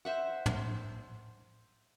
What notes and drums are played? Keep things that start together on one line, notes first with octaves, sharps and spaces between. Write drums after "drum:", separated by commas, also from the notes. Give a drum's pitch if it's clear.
C5 E5 F#5
drum: tom